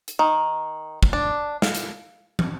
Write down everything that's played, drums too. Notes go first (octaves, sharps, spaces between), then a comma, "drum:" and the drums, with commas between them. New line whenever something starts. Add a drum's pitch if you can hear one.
drum: hi-hat
D#3
drum: kick
D4
F5, drum: snare
drum: hi-hat
drum: tom